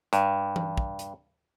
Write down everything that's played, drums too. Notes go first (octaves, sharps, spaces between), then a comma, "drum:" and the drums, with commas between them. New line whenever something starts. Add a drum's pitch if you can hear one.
G2, drum: hi-hat
drum: tom E3
drum: kick
drum: hi-hat